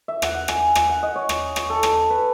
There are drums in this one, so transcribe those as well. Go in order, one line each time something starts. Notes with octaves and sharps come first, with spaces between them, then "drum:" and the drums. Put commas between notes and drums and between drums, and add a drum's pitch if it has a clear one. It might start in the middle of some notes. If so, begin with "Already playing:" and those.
E5
F#5, drum: rim click
F#5
G#5, drum: rim click
drum: rim click
F#5
D#5
C#5
drum: rim click
drum: rim click
A4
drum: rim click
B4